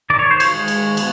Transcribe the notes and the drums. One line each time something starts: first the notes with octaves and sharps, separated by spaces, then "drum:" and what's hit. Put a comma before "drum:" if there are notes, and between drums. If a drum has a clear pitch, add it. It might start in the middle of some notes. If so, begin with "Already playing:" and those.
D#3 D5
C#5
C5
C#5, drum: cymbal
G#3
drum: cymbal
B3, drum: cymbal